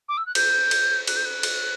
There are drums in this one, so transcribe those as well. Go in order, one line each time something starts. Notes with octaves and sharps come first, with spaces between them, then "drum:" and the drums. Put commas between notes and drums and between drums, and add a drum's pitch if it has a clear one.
D6
E6
F#6
G6, drum: cymbal
drum: cymbal
F#6, drum: cymbal
G6
F#6
drum: cymbal